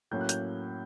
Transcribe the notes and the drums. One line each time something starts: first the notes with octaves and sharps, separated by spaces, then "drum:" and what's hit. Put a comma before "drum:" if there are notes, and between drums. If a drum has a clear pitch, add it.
A2 F#3 A#3 C#4 G6
F#6
G6, drum: hi-hat